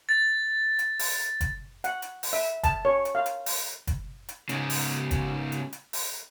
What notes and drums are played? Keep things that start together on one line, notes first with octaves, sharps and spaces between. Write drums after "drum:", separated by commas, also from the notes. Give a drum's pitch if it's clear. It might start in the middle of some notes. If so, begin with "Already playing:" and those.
A6
drum: hi-hat
drum: open hi-hat
drum: kick, hi-hat
F#5, drum: hi-hat
drum: hi-hat
drum: open hi-hat
E5
A5, drum: kick, hi-hat
C#5
drum: hi-hat
F5
drum: hi-hat
drum: open hi-hat
drum: kick, hi-hat
drum: hi-hat
G#2 C#3, drum: hi-hat
drum: open hi-hat
drum: kick, hi-hat
drum: hi-hat
drum: hi-hat
drum: open hi-hat